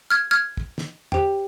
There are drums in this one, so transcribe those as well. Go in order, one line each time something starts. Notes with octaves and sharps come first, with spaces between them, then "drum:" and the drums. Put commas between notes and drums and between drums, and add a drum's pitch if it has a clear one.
F6 G#6
F6 G#6
drum: kick
drum: snare
G4 C5 G5, drum: tom